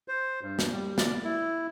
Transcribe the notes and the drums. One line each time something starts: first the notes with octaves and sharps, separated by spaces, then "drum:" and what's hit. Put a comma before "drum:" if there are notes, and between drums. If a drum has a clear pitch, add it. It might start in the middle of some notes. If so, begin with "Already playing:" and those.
C5
G2
drum: snare
G3
D5, drum: snare
E4